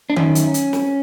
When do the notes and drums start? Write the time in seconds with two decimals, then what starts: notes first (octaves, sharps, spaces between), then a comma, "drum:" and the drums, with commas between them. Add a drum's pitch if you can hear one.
0.10 D4
0.16 F#2 D#3 C#4, drum: tom D#3
0.35 drum: hi-hat
0.54 drum: hi-hat
0.73 drum: snare